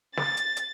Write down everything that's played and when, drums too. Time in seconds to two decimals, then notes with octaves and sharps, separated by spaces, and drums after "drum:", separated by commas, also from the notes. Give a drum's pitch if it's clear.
0.17 A6, drum: snare
0.37 drum: hi-hat
0.57 drum: hi-hat